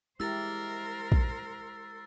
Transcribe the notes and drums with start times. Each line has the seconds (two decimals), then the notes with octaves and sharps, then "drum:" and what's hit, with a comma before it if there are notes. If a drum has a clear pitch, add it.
0.20 G#3 E4 G4 A#4 C5 E6 A6
1.12 drum: kick A#1